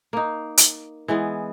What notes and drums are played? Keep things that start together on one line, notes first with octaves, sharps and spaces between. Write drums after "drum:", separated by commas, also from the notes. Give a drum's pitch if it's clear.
A#3 D#4
drum: hi-hat
E3 G#3 B3